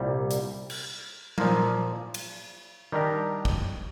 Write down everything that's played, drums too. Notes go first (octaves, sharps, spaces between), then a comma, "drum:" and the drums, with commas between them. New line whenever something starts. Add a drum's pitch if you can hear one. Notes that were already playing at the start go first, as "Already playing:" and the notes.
Already playing: C2 A#2 G3
drum: hi-hat
drum: cymbal
A#2 F3 A#3, drum: tom F#3
drum: cymbal
D#3 G3 D4 G4 A#4
drum: kick